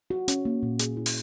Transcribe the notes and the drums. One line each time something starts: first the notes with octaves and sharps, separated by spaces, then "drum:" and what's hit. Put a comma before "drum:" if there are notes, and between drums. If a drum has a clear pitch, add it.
F#4
C#4, drum: hi-hat
A#3
A#2
G#4, drum: hi-hat
E4
drum: open hi-hat